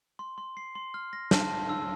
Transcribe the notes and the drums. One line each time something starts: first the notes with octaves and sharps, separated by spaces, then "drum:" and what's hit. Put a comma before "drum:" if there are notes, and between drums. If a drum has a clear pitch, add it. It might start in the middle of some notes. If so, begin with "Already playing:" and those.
C6
C6
C7
C6
F6
A#6
A5, drum: snare
A5
E6